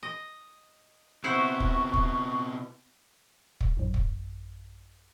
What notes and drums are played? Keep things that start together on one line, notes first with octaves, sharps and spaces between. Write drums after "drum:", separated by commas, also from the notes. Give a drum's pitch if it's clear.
D#5
C3 B3 E4 C5 F#5 C#6
drum: kick
drum: kick
drum: kick
A1 F#2
drum: kick